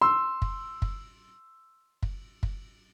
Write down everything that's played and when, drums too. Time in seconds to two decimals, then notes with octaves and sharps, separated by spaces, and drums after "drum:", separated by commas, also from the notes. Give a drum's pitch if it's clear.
0.01 C6 E6
0.42 drum: kick
0.82 drum: kick
2.03 drum: kick
2.43 drum: kick